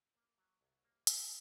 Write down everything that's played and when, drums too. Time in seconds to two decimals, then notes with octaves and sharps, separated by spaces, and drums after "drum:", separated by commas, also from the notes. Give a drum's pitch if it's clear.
0.15 A#3
0.38 F#3
0.61 C2
0.84 A#3
1.07 A#3, drum: hi-hat